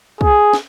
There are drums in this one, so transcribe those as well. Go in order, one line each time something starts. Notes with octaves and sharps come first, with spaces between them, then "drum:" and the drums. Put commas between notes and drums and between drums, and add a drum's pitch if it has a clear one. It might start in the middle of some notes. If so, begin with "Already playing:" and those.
G#4, drum: kick
drum: snare